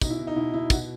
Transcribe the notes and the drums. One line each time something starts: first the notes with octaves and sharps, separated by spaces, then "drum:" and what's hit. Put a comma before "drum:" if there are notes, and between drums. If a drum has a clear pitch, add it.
B2 D#4, drum: kick, tambourine
E4
B2
D#4
B2 E4
B2 E4
B2 F#4, drum: kick, tambourine